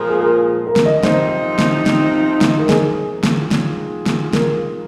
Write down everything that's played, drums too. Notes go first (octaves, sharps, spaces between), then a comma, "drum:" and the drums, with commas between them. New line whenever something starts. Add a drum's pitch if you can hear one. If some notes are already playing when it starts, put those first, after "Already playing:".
Already playing: A#2 F3 G#3 F4 A#4
G#4
A#4
A#4
drum: snare
D#5
C3 F3 C4 D#4 C5, drum: snare
drum: snare
drum: snare
drum: snare
A#4
G#4, drum: snare
D#3 G#3 F4, drum: snare
drum: snare
drum: snare
A#4, drum: snare